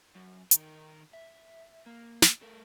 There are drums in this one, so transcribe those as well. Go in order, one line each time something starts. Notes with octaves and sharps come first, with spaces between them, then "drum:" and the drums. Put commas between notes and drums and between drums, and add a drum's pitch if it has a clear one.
F#2
D#3 A#4, drum: hi-hat
E5
A#3
drum: snare
A3 A#4